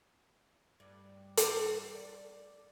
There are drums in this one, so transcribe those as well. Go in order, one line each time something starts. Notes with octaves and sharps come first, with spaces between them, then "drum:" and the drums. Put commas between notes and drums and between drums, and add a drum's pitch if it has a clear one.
G2
drum: hi-hat
D5